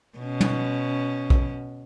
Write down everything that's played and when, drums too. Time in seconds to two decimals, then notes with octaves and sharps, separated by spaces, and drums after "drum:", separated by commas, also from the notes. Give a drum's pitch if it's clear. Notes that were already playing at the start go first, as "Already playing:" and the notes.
0.18 B2 C#4
0.41 drum: tom
1.30 drum: kick A#1